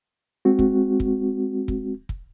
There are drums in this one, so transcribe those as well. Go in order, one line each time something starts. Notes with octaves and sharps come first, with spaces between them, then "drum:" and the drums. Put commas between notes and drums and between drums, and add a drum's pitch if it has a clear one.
G#3 C4 F#4
drum: kick
drum: kick
drum: kick
drum: kick